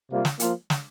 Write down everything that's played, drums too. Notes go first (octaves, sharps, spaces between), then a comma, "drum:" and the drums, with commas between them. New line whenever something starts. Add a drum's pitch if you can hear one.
C3 G3 A#3 F4
drum: snare
F3 A#3 F4, drum: hi-hat
drum: snare